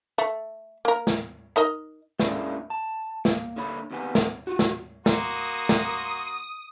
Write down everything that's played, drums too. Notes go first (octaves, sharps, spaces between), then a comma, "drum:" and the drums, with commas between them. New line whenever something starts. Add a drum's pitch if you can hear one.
A3
A#3 A#4
drum: snare
D#4 A#4 D#5
G#3 A#3 C#4 D4 E4, drum: snare
A5
A#3, drum: snare
D3 A#3 C#5 B5
D#2 C3 B3 G#5
drum: snare
F4 F#4
drum: snare
A#3 F#4 C6 D#6, drum: snare
drum: snare